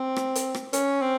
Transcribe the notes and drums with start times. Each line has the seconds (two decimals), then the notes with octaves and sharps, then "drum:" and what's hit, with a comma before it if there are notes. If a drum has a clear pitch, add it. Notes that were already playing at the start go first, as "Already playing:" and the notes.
Already playing: C4
0.16 drum: rim click
0.35 drum: hi-hat
0.54 drum: rim click
0.73 C#4, drum: hi-hat
1.02 C4